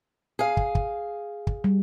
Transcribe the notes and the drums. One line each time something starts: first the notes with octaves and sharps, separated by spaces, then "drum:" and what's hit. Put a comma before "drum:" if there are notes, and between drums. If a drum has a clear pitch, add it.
G#4 F5
drum: kick
drum: kick
drum: kick
G3